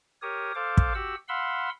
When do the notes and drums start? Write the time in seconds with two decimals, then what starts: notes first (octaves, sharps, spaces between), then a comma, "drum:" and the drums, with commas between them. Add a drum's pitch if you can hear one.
0.22 G4 A#4 C#5 D#6
0.55 A4 C5 F5 D6
0.77 drum: kick
0.94 F#4 G4 F#5 E6
1.28 F5 F#5 B5 C6 E6